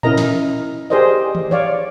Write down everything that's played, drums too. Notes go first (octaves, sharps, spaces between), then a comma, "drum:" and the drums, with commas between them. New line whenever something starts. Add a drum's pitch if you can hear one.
C#4 E4 A#4 D#5 A#5, drum: tom A2
drum: snare
G4 G#4 A#4 C5 D5 D#5
drum: tom D#3
C#5 D5 F5